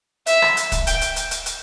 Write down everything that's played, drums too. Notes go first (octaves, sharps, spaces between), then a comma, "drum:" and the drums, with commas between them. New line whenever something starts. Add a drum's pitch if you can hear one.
E5, drum: hi-hat
drum: rim click
drum: hi-hat
drum: kick, hi-hat
G5, drum: hi-hat
drum: hi-hat
drum: hi-hat
drum: hi-hat
drum: hi-hat